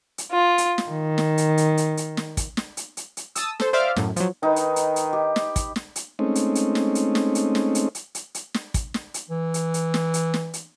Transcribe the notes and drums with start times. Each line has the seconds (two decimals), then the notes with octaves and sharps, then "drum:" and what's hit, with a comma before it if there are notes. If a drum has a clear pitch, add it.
0.18 drum: hi-hat
0.32 F4
0.58 drum: hi-hat
0.78 drum: snare
0.90 D#3
1.18 drum: snare
1.38 drum: hi-hat
1.58 drum: hi-hat
1.77 drum: hi-hat
1.97 drum: hi-hat
2.17 drum: snare
2.37 drum: kick, hi-hat
2.57 drum: snare
2.77 drum: hi-hat
2.97 drum: hi-hat
3.17 drum: hi-hat
3.35 A5 D#6 E6, drum: hi-hat
3.60 A4 C5, drum: snare
3.73 C5 D5 E5 F5 D6 F6
3.96 F#2 A2, drum: snare
4.16 F3 F#3, drum: hi-hat
4.43 D#3 D#4 B4
4.56 drum: hi-hat
4.76 drum: hi-hat
4.96 drum: hi-hat
5.13 G4
5.36 drum: snare
5.56 drum: kick, hi-hat
5.76 drum: snare
5.96 drum: hi-hat
6.19 G#3 A3 C4 C#4 D#4
6.35 drum: hi-hat
6.55 drum: hi-hat
6.75 drum: snare
6.95 drum: hi-hat
7.15 drum: snare
7.35 drum: hi-hat
7.55 drum: snare
7.75 drum: hi-hat
7.95 drum: hi-hat
8.15 drum: hi-hat
8.35 drum: hi-hat
8.54 drum: snare
8.74 drum: kick, hi-hat
8.94 drum: snare
9.14 drum: hi-hat
9.30 E3
9.54 drum: hi-hat
9.74 drum: hi-hat
9.94 drum: snare
10.14 drum: hi-hat
10.34 drum: snare
10.54 drum: hi-hat